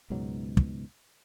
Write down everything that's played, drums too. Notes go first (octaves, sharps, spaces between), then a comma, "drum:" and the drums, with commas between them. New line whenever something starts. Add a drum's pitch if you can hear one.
C#2 G#2 B2 F#3
drum: kick